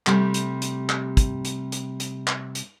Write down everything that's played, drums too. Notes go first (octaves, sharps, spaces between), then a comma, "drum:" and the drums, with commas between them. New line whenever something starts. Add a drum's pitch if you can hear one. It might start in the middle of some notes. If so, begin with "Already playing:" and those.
C3 G3 A3, drum: clap
drum: hi-hat
drum: hi-hat
drum: clap
drum: kick, hi-hat
drum: hi-hat
drum: hi-hat
drum: hi-hat
drum: clap
drum: hi-hat